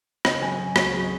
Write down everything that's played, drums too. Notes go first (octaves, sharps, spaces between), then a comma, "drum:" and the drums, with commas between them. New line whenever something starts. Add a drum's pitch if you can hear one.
C#3 D#5, drum: rim click
F#3 G#5
F#3
C#2 F#4, drum: rim click
F#3 G#4